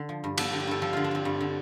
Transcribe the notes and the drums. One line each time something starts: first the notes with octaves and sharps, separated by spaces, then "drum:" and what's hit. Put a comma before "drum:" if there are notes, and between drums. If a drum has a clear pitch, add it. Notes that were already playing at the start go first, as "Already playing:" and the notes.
Already playing: D3
F3
G2
F3 A4, drum: cymbal
D3 G4
G4
G2 A4
F3 A4
D3 F4
D4
D3 C4
G2
D3